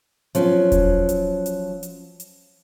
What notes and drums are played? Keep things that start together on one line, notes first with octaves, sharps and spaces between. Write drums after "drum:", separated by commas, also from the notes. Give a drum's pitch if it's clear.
F3 F#3 C#4, drum: hi-hat
drum: kick E1, hi-hat
drum: hi-hat
drum: hi-hat
drum: hi-hat
drum: hi-hat